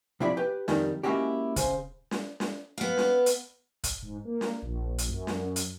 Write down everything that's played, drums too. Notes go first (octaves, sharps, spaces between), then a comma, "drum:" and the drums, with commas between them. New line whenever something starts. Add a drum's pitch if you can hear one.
C3 F3 E4 D5 B5
G4 B4
F2 D#3 G3, drum: snare
G#3 A#3 C#4 E4 F#4 G4
C#3 C5, drum: kick, hi-hat
drum: snare
drum: snare
B3 F5
drum: snare
drum: hi-hat
drum: kick, hi-hat
G#2
A#3
drum: snare
A#1
drum: hi-hat
F#2
drum: snare
drum: hi-hat